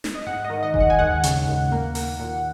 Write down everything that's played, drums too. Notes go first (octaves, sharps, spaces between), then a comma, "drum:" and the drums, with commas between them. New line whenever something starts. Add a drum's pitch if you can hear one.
drum: snare
D#5
G#2 F#5
D#5
D#3
D#5
G#2, drum: kick F1
F#5
G#5
D#2 F#5
C#3, drum: hi-hat
D#2
A#3
A#3, drum: open hi-hat
A#2